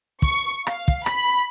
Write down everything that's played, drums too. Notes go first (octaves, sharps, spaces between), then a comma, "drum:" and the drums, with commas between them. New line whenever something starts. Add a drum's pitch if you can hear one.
C#6, drum: kick
F5, drum: rim click
drum: kick
B5, drum: rim click